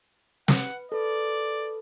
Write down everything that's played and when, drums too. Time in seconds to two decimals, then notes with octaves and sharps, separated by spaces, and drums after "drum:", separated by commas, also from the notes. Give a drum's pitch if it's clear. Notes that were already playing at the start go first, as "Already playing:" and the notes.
0.48 B4 F#5, drum: snare
0.92 A4 B4 D5